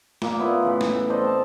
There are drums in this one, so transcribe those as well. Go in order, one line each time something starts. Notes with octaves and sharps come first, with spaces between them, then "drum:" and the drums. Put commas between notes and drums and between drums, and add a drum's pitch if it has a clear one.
A#2 A#3, drum: snare
B3 E4 F4 D5
A2 C#3 E3
drum: snare
A4 C5 D5 D#5
C4 A5